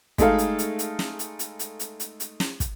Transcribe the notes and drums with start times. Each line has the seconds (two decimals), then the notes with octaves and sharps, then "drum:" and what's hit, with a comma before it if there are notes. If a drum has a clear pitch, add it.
0.18 G#3 A3 D#4 A4 F5, drum: kick, hi-hat
0.38 drum: hi-hat
0.59 drum: hi-hat
0.79 drum: hi-hat
0.99 drum: snare
1.19 drum: hi-hat
1.39 drum: hi-hat
1.59 drum: hi-hat
1.79 drum: hi-hat
2.00 drum: hi-hat
2.20 drum: hi-hat
2.40 drum: snare
2.60 drum: kick, hi-hat